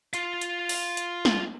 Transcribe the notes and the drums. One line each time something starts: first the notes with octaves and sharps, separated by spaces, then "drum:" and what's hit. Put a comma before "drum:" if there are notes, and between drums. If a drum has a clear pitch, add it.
F4 F5, drum: hi-hat
drum: hi-hat
drum: open hi-hat
drum: hi-hat
drum: snare